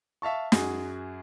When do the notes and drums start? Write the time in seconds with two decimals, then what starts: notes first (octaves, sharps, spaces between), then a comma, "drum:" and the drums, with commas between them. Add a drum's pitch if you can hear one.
0.22 E5 F5 A5 C#6
0.52 F#2 F#4 G#4, drum: snare